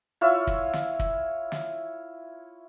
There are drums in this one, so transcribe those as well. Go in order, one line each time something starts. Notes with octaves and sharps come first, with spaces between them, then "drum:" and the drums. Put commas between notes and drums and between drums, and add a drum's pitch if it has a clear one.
E4 F4 C#5 E5
drum: kick
drum: snare
drum: kick
drum: snare